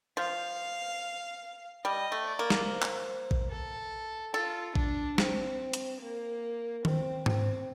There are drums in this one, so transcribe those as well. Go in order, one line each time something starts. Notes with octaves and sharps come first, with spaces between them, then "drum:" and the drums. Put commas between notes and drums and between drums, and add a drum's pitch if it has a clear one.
F3 F5
G3 D#5
A3
D5
A#3
drum: snare
C5
drum: clap
drum: kick A#1
A4
F4 A4
D4, drum: kick A#1
C4, drum: snare
drum: hi-hat
A#3
C4, drum: tom D#3
C4, drum: tom G#2